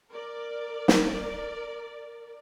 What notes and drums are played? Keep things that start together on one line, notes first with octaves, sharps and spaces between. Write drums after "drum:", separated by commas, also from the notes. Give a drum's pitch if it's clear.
A#4 D5
drum: snare